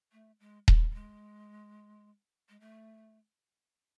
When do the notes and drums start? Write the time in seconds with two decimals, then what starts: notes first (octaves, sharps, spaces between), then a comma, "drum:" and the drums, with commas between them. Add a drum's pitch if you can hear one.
0.12 A3
0.39 G#3
0.68 G3, drum: kick D#1
0.91 G3
0.94 G#3
2.49 G#3
2.60 A3